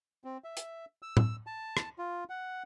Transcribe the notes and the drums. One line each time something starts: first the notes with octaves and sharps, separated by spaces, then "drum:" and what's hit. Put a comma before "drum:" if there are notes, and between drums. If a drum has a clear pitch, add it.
C4
E5
drum: hi-hat
E6
drum: tom
A5
drum: rim click
F4
F#5